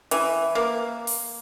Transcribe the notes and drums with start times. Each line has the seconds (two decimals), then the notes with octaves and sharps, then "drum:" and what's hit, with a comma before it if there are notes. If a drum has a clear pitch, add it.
0.11 E3, drum: hi-hat
0.55 A#3
1.07 drum: open hi-hat